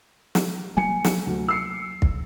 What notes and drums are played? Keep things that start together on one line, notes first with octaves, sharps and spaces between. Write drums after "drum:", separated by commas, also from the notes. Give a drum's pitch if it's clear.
drum: snare
F#3 G3 A#3 G#5 C#7
drum: snare
D2
E6 C7 C#7
drum: kick